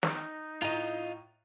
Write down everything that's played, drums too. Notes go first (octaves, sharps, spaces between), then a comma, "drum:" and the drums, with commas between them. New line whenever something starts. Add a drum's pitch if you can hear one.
D#4, drum: snare
A2 F4 D#5 A#5 F7